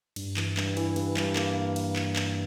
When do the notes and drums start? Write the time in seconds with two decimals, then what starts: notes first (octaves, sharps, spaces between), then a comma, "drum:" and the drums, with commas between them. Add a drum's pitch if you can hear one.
0.16 G2, drum: cymbal
0.37 E3, drum: clap
0.57 G2, drum: clap
0.77 E3, drum: cymbal
0.96 G2, drum: cymbal
1.17 G2, drum: clap
1.36 A#3, drum: clap
1.76 drum: cymbal
1.96 drum: clap
2.16 drum: clap